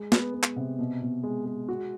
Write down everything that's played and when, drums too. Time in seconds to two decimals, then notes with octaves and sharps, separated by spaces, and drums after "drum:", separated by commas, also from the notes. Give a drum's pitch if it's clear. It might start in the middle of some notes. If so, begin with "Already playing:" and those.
Already playing: G#3
0.12 B3, drum: snare
0.34 B3
0.43 drum: clap
0.56 C3
0.79 B2
1.02 B2
1.23 G#3
1.46 G#3
1.69 F#4